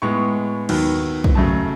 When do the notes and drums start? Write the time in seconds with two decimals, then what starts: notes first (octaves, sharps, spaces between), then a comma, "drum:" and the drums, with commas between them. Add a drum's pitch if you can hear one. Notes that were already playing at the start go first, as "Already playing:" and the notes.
0.02 A2 G#3 B3 C#6
0.69 D#2 D#3 F#3 B3, drum: cymbal
1.24 drum: kick
1.35 F#2 C#3 F#3 A3 A5